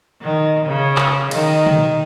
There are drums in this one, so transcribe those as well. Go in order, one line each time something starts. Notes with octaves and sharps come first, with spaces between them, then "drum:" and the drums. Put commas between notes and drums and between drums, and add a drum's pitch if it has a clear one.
D#3
C#3
drum: clap
D#3, drum: cymbal
drum: tom